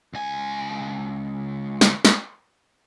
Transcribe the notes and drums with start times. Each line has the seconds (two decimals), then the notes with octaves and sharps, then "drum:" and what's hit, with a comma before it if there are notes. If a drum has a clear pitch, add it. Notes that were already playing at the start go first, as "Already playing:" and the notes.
0.14 C#2 G#5
1.81 drum: snare
2.05 drum: snare